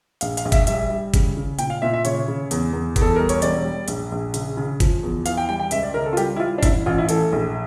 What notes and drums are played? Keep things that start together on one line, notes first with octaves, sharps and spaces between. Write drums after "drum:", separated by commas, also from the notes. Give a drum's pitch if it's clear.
A#1 F5, drum: hi-hat
F5, drum: hi-hat
A#1
E5, drum: kick G1, hi-hat
G3 E5, drum: hi-hat
G3
C#3, drum: kick G1, hi-hat
C#3
A#2 G5, drum: hi-hat
F5
A#2 E5
E5
C#3 C#5, drum: hi-hat
C#3
E2, drum: hi-hat
E2
E2, drum: kick G1, hi-hat
A4
G3 A#4
C#5, drum: hi-hat
E1 D5, drum: hi-hat
G3
A#1, drum: hi-hat
A#1
C#3, drum: hi-hat
C#3
F3, drum: kick G1, hi-hat
E2
E3 F5, drum: hi-hat
G5
G3 G5
G5
C#2 E5, drum: hi-hat
D5
C#3 A#4
A4
F4
G3 G4, drum: hi-hat
E4
G3 F4
D4
A1 E4, drum: kick G1, hi-hat
A1 F4
E4
E3 A4, drum: hi-hat
A#1